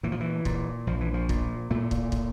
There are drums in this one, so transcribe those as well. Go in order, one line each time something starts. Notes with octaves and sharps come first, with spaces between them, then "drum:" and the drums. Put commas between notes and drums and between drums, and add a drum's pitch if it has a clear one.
A#2 E3
F3
E3
A#2, drum: kick
A#1 F3
E3
F3
A#2, drum: kick
A#2 A3
drum: kick
drum: kick